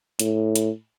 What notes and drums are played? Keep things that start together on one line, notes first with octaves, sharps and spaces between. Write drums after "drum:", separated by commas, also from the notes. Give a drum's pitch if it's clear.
A2, drum: hi-hat
drum: hi-hat